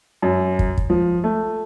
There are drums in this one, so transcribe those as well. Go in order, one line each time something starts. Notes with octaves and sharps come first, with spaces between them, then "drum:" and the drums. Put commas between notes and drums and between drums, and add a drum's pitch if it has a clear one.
F#2
drum: kick
drum: kick
F3
A3